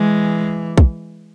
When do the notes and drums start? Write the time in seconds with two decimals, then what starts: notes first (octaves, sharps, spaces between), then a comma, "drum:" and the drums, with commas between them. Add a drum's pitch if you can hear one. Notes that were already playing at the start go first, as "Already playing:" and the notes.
Already playing: E3 G#3
0.78 drum: kick